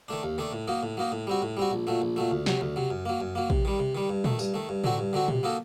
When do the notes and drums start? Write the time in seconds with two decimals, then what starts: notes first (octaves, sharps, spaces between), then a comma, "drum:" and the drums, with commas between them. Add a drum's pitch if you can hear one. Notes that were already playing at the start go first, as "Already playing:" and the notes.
0.08 D#3 A3 D4
0.23 D#2
0.38 D#3 A3 D4
0.53 A2
0.68 F#3 A#3 D#4
0.83 A2
0.97 F#3 A#3 D#4
1.12 A2
1.27 G3 C4 F#4
1.42 A2
1.57 G3 C4 F#4
1.71 A#1
1.87 A#2 F#3 A3
2.02 A#1
2.16 A#2 F#3 A3
2.31 D2
2.46 C3 F#3, drum: snare
2.61 D2
2.76 C3 F#3
2.90 F#2
3.05 F#3 A#3
3.20 F#2
3.35 F#3 A#3
3.50 C3, drum: kick
3.65 D#3 G3
3.79 C3
3.95 D#3 G3
4.10 G2
4.24 D#3 A3, drum: tom A#2
4.39 G2, drum: tambourine
4.54 D#3 A3
4.69 G2
4.84 D3 F#3 C4 F#4, drum: tom A2
4.99 G2
5.13 D3 F#3 C4 F#4
5.28 C3, drum: tom A#2
5.43 F#3 A#3 D#4 A4